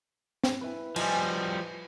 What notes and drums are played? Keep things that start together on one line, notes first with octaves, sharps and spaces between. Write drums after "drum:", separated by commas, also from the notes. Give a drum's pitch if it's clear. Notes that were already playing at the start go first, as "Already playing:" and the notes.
drum: snare
E4 B4
F3 G3 D#5 G#5, drum: cymbal